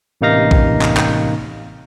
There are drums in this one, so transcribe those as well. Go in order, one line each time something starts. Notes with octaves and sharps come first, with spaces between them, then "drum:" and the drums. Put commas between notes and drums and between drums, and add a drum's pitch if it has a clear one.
A1 C3 A#3 D#4 F5 A#6
drum: kick A#1
drum: clap
drum: clap